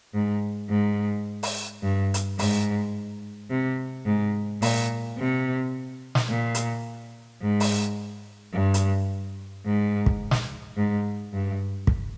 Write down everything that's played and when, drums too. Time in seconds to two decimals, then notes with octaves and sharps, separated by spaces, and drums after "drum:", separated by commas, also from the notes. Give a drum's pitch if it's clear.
0.14 G#2
0.70 G#2
1.43 drum: open hi-hat
1.83 G2
2.14 drum: hi-hat
2.39 G#2, drum: open hi-hat
3.50 C3
4.06 G#2
4.62 A#2, drum: open hi-hat
5.18 C3
6.15 drum: snare
6.29 A#2
6.55 drum: hi-hat
7.42 G#2
7.60 drum: open hi-hat
8.54 G2
8.74 drum: hi-hat
9.66 G#2
10.06 drum: kick
10.31 drum: snare
10.77 G#2
11.34 G2
11.87 drum: kick